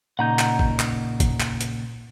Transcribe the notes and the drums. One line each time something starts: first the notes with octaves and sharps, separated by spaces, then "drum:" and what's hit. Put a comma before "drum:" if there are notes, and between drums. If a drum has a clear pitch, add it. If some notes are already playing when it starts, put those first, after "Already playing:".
A#2 C#3 D#4 F#5 A#5 G6
drum: clap
drum: kick G#1
drum: clap
drum: kick G#1, hi-hat
drum: clap
drum: hi-hat